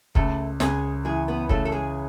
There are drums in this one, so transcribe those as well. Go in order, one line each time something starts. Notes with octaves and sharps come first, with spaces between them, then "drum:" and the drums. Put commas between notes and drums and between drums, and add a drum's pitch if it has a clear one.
C#2 A3 A4, drum: kick
C#2 G#3 G#4, drum: snare
E3 G#3 G#4
B3 B4
C#3 A3 A4, drum: kick
A4
G#3 G#4